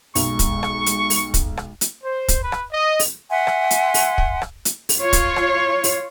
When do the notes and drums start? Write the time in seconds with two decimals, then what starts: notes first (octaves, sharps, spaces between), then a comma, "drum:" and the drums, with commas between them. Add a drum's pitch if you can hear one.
0.15 B1 G#3 C#6, drum: open hi-hat
0.39 drum: kick, hi-hat
0.63 drum: rim click
0.86 drum: hi-hat
1.10 drum: open hi-hat
1.34 drum: kick, hi-hat
1.57 drum: rim click
1.81 drum: hi-hat
2.02 C5
2.28 drum: kick, hi-hat
2.41 B4
2.52 drum: rim click
2.71 D#5
2.99 drum: open hi-hat
3.30 E5 F#5 G#5 C6
3.47 drum: rim click
3.71 drum: hi-hat
3.94 drum: open hi-hat
4.18 drum: kick
4.42 drum: rim click
4.65 drum: hi-hat
4.89 drum: open hi-hat
4.99 F4 C#5
5.13 drum: kick, hi-hat
5.36 drum: rim click
5.84 drum: open hi-hat